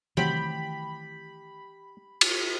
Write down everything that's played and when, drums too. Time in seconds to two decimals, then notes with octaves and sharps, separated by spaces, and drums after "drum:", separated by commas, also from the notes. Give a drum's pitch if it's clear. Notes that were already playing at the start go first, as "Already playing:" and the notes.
0.17 C3 D#3 E3 F#3 A3 C4 G4 B5
2.21 drum: cymbal